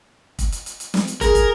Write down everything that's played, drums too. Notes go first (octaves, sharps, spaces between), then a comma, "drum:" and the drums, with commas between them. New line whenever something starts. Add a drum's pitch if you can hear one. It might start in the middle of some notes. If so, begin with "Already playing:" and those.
drum: kick, hi-hat
drum: hi-hat
drum: hi-hat
drum: hi-hat
drum: snare
drum: hi-hat
G#4 A#4, drum: kick, hi-hat
drum: kick, hi-hat